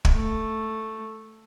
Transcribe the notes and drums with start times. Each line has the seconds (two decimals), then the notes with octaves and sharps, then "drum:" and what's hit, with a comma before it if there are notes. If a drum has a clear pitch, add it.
0.05 drum: kick
0.14 A3